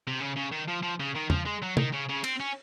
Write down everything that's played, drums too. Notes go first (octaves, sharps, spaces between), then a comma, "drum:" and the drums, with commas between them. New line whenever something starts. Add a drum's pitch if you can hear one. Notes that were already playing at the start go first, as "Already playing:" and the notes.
C3
C#3
C#3
D#3
F3
F3
C#3
D#3
F3, drum: tom E2
G#3
F#3
D#3, drum: tom
C#3
C#3
C4, drum: cymbal
C#4